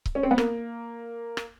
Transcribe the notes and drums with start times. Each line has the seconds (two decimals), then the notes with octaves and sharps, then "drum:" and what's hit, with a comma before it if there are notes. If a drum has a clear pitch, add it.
0.06 drum: kick C#1
0.15 C#4
0.23 C4
0.31 B3
0.38 A#3, drum: rim click
1.37 drum: rim click